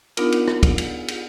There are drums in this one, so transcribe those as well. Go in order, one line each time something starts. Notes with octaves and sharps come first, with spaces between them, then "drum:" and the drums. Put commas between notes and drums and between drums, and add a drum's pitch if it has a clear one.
B3 D4 D#4 F4 A#4, drum: cymbal
drum: cymbal
drum: rim click
drum: kick, cymbal
drum: cymbal
drum: cymbal